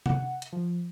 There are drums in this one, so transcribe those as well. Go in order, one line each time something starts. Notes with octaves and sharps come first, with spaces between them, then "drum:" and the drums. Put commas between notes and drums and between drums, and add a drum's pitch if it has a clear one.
F#5, drum: tom C3
drum: hi-hat
F3